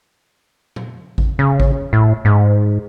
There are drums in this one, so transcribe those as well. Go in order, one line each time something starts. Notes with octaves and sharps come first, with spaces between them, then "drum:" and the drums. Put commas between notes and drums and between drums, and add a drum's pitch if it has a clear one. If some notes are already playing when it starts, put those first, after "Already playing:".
drum: tom A#2
drum: kick G#1
C#3
drum: kick G#1
A2
G#2